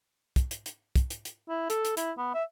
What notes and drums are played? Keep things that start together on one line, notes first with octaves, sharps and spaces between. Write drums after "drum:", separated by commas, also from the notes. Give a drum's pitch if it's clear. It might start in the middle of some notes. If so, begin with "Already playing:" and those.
drum: kick, hi-hat
drum: hi-hat
drum: hi-hat
drum: kick, hi-hat
drum: hi-hat
drum: hi-hat
E4
A4, drum: hi-hat
drum: hi-hat
E4, drum: hi-hat
B3
E5